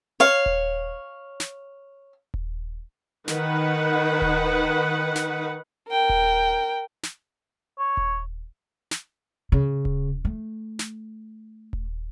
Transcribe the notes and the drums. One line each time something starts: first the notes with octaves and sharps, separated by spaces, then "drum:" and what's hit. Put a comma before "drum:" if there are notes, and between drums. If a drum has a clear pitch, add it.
C#5 F5
drum: kick D#1
drum: snare
drum: kick D#1
D#3 B4 F#5, drum: snare
drum: kick D#1
drum: snare
A#4 G5
drum: kick D#1
drum: snare
C#5
drum: kick D#1
drum: snare
C#3
drum: kick D#1
A3
drum: snare
drum: kick D#1